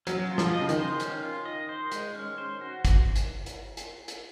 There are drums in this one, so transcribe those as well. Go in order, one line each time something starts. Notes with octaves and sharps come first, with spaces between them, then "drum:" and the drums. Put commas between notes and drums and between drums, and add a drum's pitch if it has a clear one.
F#3 C#4, drum: hi-hat
F4
F3, drum: snare
D#5
C#3
D#3, drum: hi-hat
C5
C#4, drum: hi-hat
F4
D#5
C5
G#3, drum: hi-hat
C#4
C5
F#4
drum: kick G1, hi-hat
drum: hi-hat
drum: hi-hat
drum: hi-hat
drum: hi-hat